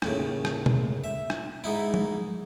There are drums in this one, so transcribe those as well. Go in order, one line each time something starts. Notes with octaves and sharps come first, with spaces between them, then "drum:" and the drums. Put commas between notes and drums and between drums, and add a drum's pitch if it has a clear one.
D#2 A2 C#3, drum: rim click
drum: rim click
drum: tom B2
E5
drum: rim click
G#2 D#4 E4
drum: tom F3